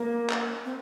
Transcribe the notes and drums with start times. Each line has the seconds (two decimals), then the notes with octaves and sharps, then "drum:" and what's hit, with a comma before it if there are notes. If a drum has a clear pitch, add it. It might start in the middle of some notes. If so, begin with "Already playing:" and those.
Already playing: A#3
0.30 drum: clap
0.65 C4